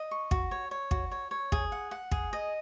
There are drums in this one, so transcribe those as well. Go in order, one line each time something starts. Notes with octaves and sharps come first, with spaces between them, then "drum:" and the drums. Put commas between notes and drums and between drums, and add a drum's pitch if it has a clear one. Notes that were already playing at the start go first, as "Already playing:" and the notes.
Already playing: D#5
C#6
F#4, drum: kick
C#5
C#5
F#4, drum: kick
C#5
C#5
G#4, drum: kick
F#5
F#5
G#4, drum: kick
D#5